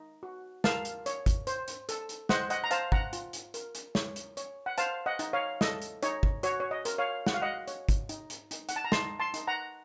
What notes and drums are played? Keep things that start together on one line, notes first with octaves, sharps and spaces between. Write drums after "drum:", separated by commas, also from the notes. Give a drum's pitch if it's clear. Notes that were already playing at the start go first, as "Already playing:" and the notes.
Already playing: D#4
F#4
A#4 F5 A5, drum: snare
drum: hi-hat
C#5, drum: hi-hat
drum: kick, hi-hat
C5, drum: hi-hat
drum: hi-hat
A4, drum: hi-hat
drum: hi-hat
C5 D#5 F#5, drum: snare
D#5 F#5, drum: hi-hat
A#5
C5 F5 A5, drum: hi-hat
F#5 A#5, drum: kick
F4, drum: hi-hat
drum: hi-hat
A#4, drum: hi-hat
drum: hi-hat
C#5, drum: snare
drum: hi-hat
C#5, drum: hi-hat
F#5
C5 F5 A5, drum: hi-hat
D#5 F#5
D#4, drum: hi-hat
C#5 F5
A4 D#5, drum: snare
drum: hi-hat
D#4 C#5, drum: hi-hat
drum: kick
F#4 C#5, drum: hi-hat
C#5
D#5
A#4, drum: hi-hat
C#5 F5
F#4 F#5, drum: snare
F5
D#5 F#5
C#5, drum: hi-hat
drum: kick, hi-hat
D#4, drum: hi-hat
drum: hi-hat
D#4, drum: hi-hat
F#5, drum: hi-hat
A5
A#5
D#4 A5 C6, drum: snare
A5 C6
D#4, drum: hi-hat
F#5 A#5